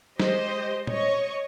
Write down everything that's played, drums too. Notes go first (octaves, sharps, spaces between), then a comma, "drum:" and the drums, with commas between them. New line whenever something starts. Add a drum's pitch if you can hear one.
G#3 G4 C5 D#5, drum: snare
C#5 D#5 C#6, drum: tom